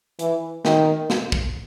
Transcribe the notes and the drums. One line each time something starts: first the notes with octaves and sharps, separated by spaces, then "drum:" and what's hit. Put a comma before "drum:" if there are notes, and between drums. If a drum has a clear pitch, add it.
E3, drum: hi-hat
D#3, drum: snare
drum: snare
drum: kick